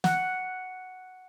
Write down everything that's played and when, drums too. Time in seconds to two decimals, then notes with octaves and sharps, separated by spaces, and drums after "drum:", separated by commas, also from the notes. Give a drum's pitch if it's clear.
0.04 F#5, drum: snare